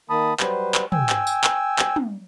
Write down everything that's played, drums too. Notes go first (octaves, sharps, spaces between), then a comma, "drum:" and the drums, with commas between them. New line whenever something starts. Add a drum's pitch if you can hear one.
D#3 A#3 A5 B5 D#6
F#3 G3 B4 C5, drum: clap
drum: clap
G5 G#5 E6, drum: tom
drum: clap
drum: tambourine
drum: clap
drum: clap
drum: tom